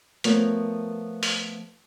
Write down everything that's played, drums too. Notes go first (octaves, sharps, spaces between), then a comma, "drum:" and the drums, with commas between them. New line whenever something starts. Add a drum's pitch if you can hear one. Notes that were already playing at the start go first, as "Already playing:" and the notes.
F3 A3 B3 A#4 C#5, drum: hi-hat
drum: open hi-hat